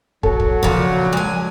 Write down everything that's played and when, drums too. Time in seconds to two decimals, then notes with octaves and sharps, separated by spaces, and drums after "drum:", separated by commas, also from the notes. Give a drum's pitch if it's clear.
0.23 A#1 F#3 A4, drum: kick
0.40 drum: kick
0.63 A#2 C#3 F3, drum: kick
1.13 G#3 G#5